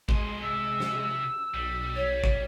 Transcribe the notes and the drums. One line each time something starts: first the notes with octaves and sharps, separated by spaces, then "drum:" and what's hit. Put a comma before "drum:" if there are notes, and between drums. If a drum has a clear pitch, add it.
A2 G#3 D#5 C6, drum: kick G#1
C3 E6
drum: snare
B1 G3
C#5
drum: kick G#1